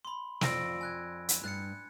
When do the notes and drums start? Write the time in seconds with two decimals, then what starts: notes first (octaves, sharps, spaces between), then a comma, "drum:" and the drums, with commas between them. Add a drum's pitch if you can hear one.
0.05 B5 C6
0.41 F2 F4 D5 E6 A#6 D7, drum: snare
0.81 G#5 F#6 G#6
1.29 drum: hi-hat
1.44 G2 F#6 A6 C#7